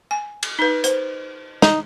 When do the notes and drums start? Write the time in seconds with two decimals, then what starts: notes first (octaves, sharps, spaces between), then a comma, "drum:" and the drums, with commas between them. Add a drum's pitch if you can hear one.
0.11 G#5
0.43 drum: cymbal
0.59 D#4 B4
0.84 C5, drum: hi-hat
1.62 D#4, drum: snare